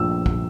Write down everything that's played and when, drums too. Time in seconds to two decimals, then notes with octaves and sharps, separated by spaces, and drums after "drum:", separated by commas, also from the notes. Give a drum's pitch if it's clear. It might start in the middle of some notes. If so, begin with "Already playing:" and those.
Already playing: A#1 F3 A3 E6
0.26 drum: kick